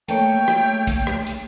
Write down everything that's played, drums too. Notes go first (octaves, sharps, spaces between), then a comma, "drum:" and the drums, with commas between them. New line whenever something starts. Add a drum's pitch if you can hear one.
A3 A#3 C#5 G5, drum: hi-hat
drum: rim click
drum: kick, hi-hat
drum: rim click
drum: hi-hat